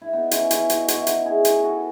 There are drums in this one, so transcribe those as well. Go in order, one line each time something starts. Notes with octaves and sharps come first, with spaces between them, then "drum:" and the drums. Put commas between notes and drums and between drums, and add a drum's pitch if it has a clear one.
E4
B3 D#4
C#4 E4, drum: hi-hat
C#4 E4, drum: hi-hat
D#4 F#4, drum: hi-hat
F#4, drum: hi-hat
E4
D#4 F#4, drum: hi-hat
E4 G#4
drum: hi-hat
B4
F#4 A4